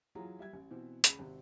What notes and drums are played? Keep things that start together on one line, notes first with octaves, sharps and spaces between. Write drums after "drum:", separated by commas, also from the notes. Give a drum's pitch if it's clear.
E3 F#3 F4 G#4 A#5
G3 E5 G#6
A1
B2 E3 C4
C#2 G#4 B5, drum: hi-hat
G#1 C3